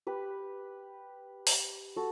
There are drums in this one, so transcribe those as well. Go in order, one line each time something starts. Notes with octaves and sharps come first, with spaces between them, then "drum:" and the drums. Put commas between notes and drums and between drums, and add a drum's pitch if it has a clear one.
G4 B4
drum: open hi-hat
F#4 A4